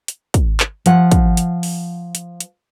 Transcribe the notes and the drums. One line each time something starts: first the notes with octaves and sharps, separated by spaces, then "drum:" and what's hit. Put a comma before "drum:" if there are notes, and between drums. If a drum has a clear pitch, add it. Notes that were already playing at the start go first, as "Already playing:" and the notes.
drum: hi-hat
drum: kick, hi-hat
drum: clap
F3 F#5, drum: hi-hat
drum: kick, hi-hat
drum: hi-hat
drum: open hi-hat
drum: hi-hat
drum: hi-hat